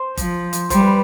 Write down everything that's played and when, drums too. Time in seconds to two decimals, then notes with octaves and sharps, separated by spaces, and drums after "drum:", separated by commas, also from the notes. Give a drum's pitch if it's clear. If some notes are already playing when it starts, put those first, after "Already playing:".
Already playing: C5
0.17 F3, drum: kick G1, hi-hat
0.53 drum: hi-hat
0.70 G3 C5, drum: kick G1, hi-hat
0.81 B4